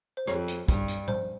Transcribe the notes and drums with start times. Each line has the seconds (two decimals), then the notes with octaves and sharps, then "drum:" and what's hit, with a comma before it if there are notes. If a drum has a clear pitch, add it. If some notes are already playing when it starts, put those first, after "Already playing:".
0.17 C5
0.27 F2 C#5, drum: rim click
0.48 drum: hi-hat
0.68 G2, drum: kick, hi-hat
0.88 drum: hi-hat
1.08 C5, drum: tom A2